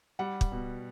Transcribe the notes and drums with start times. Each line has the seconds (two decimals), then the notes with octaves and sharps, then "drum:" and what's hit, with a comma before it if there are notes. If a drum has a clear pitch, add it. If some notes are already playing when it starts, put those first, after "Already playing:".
0.19 G3 F#5
0.41 drum: kick
0.52 B2